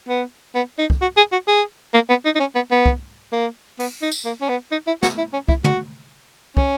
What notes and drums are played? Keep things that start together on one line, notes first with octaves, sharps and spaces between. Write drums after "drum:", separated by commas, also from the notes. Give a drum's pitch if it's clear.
B3
B3
D#4
drum: kick
F#4
G#4
F#4
G#4
A#3
B3
D#4
D#4
C#4
B3
B3
drum: kick
A#3
B3, drum: open hi-hat
D#4
drum: tambourine
A#3
C#4
B3
D#4
E4
F#4, drum: snare
E4
C#4
E4, drum: kick
F#4, drum: tom
C#4, drum: kick